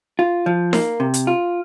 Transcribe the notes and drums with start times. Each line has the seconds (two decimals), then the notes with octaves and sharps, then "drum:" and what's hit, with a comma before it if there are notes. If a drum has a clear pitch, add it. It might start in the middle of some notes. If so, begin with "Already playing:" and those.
0.19 F4
0.46 F3
0.73 A#3, drum: snare D#4
1.00 C3
1.14 drum: hi-hat
1.27 F4